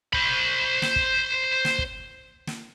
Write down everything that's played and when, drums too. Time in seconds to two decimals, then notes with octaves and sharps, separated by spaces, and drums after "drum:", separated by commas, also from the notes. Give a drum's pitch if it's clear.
0.13 C5 B5, drum: kick
0.82 drum: snare
0.96 drum: kick
1.65 drum: snare
1.78 drum: kick
2.47 drum: snare